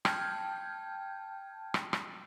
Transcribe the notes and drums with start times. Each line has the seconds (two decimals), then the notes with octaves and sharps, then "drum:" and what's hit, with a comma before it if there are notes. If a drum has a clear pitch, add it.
0.05 G5 A5 F6 G6 G#6, drum: rim click
1.74 drum: rim click
1.93 drum: rim click